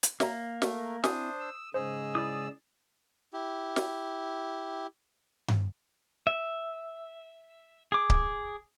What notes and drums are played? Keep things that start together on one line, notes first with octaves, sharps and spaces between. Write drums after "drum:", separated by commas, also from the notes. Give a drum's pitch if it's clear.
drum: hi-hat
A#3 C#5 E5 A#5, drum: snare
A3 A#4, drum: snare
C4 D4 E4 C5 G#5 D#6, drum: snare
E6
G#2 C#3 G#3 G#4 C5 D#5 E6
E4 D5 D#6
E4 G4
drum: snare
drum: tom G2
E5
G#4 D6
drum: kick C#1